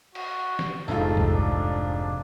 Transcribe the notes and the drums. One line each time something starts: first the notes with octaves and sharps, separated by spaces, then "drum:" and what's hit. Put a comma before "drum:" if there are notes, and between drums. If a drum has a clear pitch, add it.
F#4, drum: cymbal
drum: snare
F1 G#2 F4 A4, drum: tambourine
drum: kick B1
D4